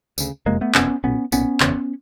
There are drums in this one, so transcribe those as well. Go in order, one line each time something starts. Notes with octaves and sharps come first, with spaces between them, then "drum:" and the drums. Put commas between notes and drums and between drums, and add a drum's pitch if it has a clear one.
D2 C#3, drum: tambourine
F#1 F2 C3 G#3 A#3
A3 B3
F#1 F2 C3 B3 C#4, drum: clap
B1 A#2 B3 C#4
B1 A#2 B3 C#4, drum: tambourine
F#1 E2 C#3, drum: clap